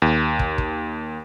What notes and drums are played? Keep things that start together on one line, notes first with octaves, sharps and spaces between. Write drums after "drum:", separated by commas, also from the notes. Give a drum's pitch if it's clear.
D#2
drum: kick
drum: kick